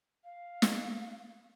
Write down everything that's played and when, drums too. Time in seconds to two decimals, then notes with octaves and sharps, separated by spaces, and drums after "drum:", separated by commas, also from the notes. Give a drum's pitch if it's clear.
0.24 F5
0.62 drum: snare